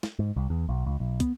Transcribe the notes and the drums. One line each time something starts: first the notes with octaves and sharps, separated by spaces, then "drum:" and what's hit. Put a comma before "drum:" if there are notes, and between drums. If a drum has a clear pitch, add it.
drum: snare
G#2
C2
E2
B1
C#2
B1
B3, drum: kick, hi-hat